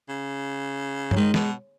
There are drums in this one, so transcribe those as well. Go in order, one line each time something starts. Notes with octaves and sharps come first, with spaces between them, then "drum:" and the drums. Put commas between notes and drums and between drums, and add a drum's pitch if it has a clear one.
C#3
F#3, drum: tom G2
D#3 G#3
B2, drum: snare